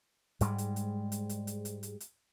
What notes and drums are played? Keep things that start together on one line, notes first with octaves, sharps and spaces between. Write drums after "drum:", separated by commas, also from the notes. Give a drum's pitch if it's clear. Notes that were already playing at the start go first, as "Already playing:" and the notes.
G#2 G3 G#3, drum: hi-hat
drum: hi-hat
drum: hi-hat
drum: hi-hat
drum: hi-hat
drum: hi-hat
drum: hi-hat
drum: hi-hat
drum: hi-hat